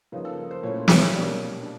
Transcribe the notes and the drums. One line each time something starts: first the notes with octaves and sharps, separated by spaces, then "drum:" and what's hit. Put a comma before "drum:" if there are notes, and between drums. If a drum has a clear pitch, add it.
C#3 F3 A#3 D#4 B4
A4
A#4
C5
A#2 F#3 A3 C#4 E4 C#5
C#5, drum: snare
B2 G3 A#3 C#4 D5
D4